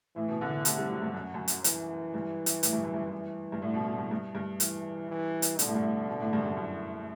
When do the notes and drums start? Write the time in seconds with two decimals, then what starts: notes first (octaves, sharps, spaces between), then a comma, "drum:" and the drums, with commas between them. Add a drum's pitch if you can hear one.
0.16 A2 E3
0.28 B2
0.41 D3
0.65 C3 A3, drum: hi-hat
0.78 G3
0.89 F#3
1.02 G2
1.14 F#2 F#3
1.34 F#2
1.48 drum: hi-hat
1.64 E3, drum: hi-hat
2.14 G2
2.46 drum: hi-hat
2.63 A2, drum: hi-hat
2.73 G2
2.83 F#2
2.94 G2
3.12 E3
3.52 G2
3.61 A2 D3
3.74 B2
3.87 B2
3.98 G2
4.11 G2
4.35 G2
4.60 E3, drum: hi-hat
5.09 E3
5.42 drum: hi-hat
5.59 B2 D3, drum: hi-hat
5.67 A2
5.75 G2
5.82 A2
6.07 B2
6.20 A2
6.33 G2
6.39 F#2
6.46 G2
6.57 F#2